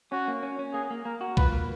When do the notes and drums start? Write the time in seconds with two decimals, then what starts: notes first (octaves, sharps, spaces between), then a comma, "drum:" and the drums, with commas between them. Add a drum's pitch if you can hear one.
0.12 C#4 F#4
0.28 A#3
0.43 C#4
0.59 C#4
0.74 A#3 G#4
0.90 A#3
1.05 A#3 A#4
1.21 F#4
1.37 F4 B4, drum: kick B1
1.52 A#3